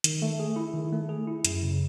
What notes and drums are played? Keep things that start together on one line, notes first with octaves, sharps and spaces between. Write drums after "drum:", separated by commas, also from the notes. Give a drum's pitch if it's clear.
D#3, drum: hi-hat
A3
G#4
E4
D#3
A3
G#4
E4
F#2, drum: hi-hat
C#3